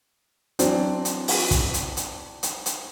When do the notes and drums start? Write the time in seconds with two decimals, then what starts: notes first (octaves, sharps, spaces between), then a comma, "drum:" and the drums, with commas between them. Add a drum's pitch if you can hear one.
0.59 E3 F#3 C4 D4, drum: hi-hat
1.05 drum: hi-hat
1.28 drum: open hi-hat
1.51 drum: kick, hi-hat
1.74 drum: hi-hat
1.97 drum: hi-hat
2.43 drum: hi-hat
2.66 drum: hi-hat